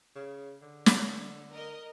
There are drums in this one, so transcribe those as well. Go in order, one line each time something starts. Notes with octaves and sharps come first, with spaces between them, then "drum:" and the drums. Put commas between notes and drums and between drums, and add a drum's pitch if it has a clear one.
C#3
D3
drum: snare
A#4 D#5